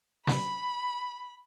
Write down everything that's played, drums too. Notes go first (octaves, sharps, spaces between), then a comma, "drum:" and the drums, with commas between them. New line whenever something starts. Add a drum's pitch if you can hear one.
B5, drum: snare